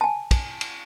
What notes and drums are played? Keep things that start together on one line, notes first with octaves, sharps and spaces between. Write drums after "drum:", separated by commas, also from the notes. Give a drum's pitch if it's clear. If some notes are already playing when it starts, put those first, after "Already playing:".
G#5 A5
drum: kick, cymbal
drum: cymbal